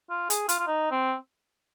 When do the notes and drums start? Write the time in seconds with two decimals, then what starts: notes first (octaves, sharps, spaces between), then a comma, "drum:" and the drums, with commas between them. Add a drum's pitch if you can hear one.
0.10 F4
0.30 G#4, drum: hi-hat
0.49 F4, drum: hi-hat
0.59 F4
0.67 D#4
0.91 C4